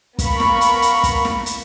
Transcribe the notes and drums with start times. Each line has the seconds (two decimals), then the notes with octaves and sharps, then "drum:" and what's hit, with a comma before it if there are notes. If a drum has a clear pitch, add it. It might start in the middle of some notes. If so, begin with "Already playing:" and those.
0.19 B3 A#4 F5 B5 C#6, drum: kick, hi-hat
0.40 drum: snare
0.61 drum: hi-hat
0.82 drum: hi-hat
1.03 drum: kick, hi-hat
1.25 drum: snare
1.46 drum: hi-hat